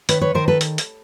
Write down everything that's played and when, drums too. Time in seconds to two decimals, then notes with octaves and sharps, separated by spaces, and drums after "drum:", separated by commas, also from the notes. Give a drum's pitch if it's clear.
0.09 D#3 B4 C#5, drum: hi-hat
0.21 B4 C#5
0.34 D#3 A#4 C5
0.48 A4 B4
0.61 drum: hi-hat
0.78 drum: hi-hat